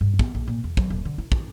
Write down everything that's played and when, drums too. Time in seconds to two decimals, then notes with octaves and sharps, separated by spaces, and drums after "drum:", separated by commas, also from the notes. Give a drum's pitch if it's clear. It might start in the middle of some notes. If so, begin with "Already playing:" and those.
0.01 G2
0.19 B3, drum: kick
0.35 A#1
0.48 A#2
0.64 E2
0.77 F#3, drum: kick
0.90 D#1
1.05 D3
1.18 E4
1.32 E4, drum: kick